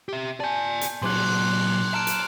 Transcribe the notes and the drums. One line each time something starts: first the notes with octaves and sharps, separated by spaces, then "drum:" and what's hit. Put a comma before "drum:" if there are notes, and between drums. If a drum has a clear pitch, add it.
G4 E5
D5 G#5 A5 G6
drum: hi-hat
A#2 F#3 C6 D6 F#6, drum: cymbal
A5 A#5 F6 D7
drum: hi-hat